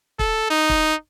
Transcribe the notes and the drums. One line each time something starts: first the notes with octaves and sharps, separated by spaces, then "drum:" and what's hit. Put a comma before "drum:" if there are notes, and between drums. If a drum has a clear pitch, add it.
A4, drum: kick
D#4
drum: kick